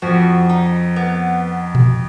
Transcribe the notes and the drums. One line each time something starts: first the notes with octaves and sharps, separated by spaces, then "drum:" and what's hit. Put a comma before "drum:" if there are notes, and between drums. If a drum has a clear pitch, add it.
F2 F3 F#4
D#4
B3
drum: tom A#2